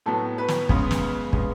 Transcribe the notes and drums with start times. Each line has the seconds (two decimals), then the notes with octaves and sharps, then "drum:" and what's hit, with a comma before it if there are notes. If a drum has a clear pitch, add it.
0.06 A2 F#3 B3 A4
0.38 B4
0.48 drum: snare
0.69 C#3 G#3 B3, drum: kick
0.91 drum: snare
1.33 C#3 G#3 B3, drum: kick